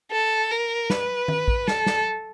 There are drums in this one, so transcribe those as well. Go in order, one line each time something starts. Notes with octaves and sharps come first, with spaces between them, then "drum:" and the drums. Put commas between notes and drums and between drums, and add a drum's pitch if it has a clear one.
A4
A#4
B4, drum: snare
drum: tom D#3
drum: kick
A4, drum: snare
drum: snare